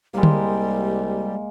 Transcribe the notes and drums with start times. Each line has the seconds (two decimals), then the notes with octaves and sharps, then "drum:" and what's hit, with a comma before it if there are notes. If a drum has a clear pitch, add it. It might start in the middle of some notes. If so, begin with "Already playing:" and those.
0.14 C2 G3 G#3 A#3
0.23 drum: tom D3